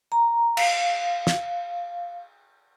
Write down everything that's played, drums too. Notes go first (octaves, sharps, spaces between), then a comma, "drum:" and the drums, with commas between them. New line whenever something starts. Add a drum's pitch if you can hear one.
A#5
F5, drum: cymbal
drum: snare